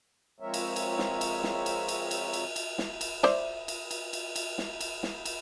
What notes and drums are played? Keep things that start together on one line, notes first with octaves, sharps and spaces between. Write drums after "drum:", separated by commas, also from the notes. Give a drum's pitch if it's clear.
F3 G#3 C4 A#4 C#5 E5
drum: cymbal
drum: cymbal
drum: snare
drum: cymbal
drum: snare
drum: cymbal
drum: cymbal
drum: cymbal
drum: cymbal
drum: cymbal
drum: snare
drum: cymbal
C5 D5 E5, drum: snare
drum: cymbal
drum: cymbal
drum: cymbal
drum: cymbal
drum: snare
drum: cymbal
drum: snare
drum: cymbal